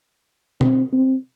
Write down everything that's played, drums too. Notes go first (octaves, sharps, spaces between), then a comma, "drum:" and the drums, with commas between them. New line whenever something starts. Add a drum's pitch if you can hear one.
C4, drum: tom
C4